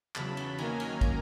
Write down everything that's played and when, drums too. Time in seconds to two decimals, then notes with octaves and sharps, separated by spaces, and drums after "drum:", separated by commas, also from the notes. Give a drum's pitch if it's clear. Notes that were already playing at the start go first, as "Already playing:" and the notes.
0.15 E2 C#3 F#3 A5 B5, drum: clap
0.37 drum: cymbal
0.58 D#3 F#3 A#3 C#4 G#5 A#5, drum: cymbal
0.80 drum: cymbal
1.01 drum: kick, cymbal